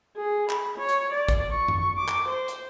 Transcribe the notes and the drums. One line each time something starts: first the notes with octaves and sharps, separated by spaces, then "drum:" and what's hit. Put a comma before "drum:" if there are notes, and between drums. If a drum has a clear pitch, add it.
G#4
B5, drum: clap
C#5
drum: hi-hat
D5
drum: kick, hi-hat
C#6
drum: tom F#2
D6
drum: clap
C5
drum: hi-hat